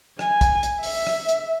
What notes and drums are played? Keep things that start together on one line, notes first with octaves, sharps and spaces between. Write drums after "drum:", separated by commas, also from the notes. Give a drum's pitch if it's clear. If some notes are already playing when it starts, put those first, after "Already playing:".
G#5, drum: rim click
drum: kick, hi-hat
drum: hi-hat
E5, drum: open hi-hat
drum: rim click
drum: hi-hat